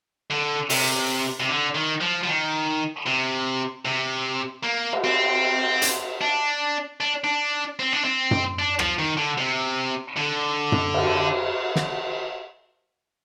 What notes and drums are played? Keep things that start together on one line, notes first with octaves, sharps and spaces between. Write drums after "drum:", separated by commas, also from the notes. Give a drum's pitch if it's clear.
D3
C3, drum: open hi-hat
C3
D3
D#3
F3
F3
D#3
C3
C3
A#3
drum: cymbal
C4
drum: hi-hat
D4
D4
D4
C4
D4
C4
drum: tom F#2
D4
F3, drum: rim click
D#3
D3
C3
D3
drum: tom F#2
drum: cymbal
drum: snare